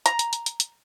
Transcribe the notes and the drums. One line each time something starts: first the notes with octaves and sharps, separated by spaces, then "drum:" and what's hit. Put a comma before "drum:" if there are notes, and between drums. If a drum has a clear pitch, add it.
A#5, drum: hi-hat
drum: hi-hat
drum: hi-hat
drum: hi-hat
drum: hi-hat